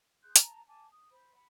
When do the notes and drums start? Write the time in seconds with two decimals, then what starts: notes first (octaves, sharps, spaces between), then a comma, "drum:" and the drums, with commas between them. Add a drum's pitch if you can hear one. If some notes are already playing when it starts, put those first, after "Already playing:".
0.23 G#4 C6 F#6 G6
0.36 A5 A#5, drum: hi-hat
0.67 G#5 A5 D6
0.91 D#6
1.10 C5 B5
1.34 F#5 B5